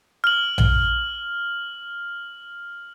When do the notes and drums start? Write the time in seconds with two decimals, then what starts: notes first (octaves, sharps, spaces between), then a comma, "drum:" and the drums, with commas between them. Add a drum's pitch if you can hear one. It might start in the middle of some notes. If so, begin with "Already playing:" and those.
0.24 F6 F#7
0.58 drum: tom A#1